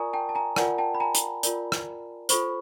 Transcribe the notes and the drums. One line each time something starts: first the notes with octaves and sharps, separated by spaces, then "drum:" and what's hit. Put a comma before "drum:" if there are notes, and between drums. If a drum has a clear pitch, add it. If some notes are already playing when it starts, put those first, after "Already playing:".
Already playing: F4 A#4 D5 G#5 A#5 C#6 D#6
G5 A5
A5
G#5 A#5
F4 A#4 D5 F#5 G#5, drum: rim click
G5 A5
B5
G#5 A#5
drum: hi-hat
F4 A#4 D5, drum: hi-hat
drum: rim click
F4 A4 C5 B5 C#6, drum: hi-hat